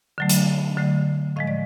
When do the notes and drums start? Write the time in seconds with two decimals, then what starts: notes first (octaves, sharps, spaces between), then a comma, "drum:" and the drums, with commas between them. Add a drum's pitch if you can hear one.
0.18 D3 F#3 A3
0.29 drum: hi-hat
0.77 D3 F#3 A3
1.36 A2 F3 G#3 D#5 F5
1.47 D5